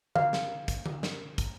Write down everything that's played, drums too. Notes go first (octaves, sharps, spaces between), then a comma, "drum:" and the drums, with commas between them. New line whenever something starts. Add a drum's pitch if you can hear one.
F5, drum: tom D3
drum: snare
drum: kick, hi-hat
drum: tom D3
drum: snare
drum: kick, hi-hat